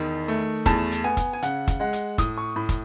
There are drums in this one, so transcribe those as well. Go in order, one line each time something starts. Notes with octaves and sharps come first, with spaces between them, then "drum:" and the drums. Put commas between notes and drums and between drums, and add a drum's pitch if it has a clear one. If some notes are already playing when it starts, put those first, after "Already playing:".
Already playing: E2 D#3
A3
E2 A5, drum: kick, hi-hat
drum: hi-hat
B3 G#5
drum: kick, hi-hat
G#5
C#3 F#5, drum: hi-hat
drum: kick, hi-hat
G#3 F#5
drum: hi-hat
A2 D#6, drum: kick, hi-hat
C#6
A2 B5
drum: kick, hi-hat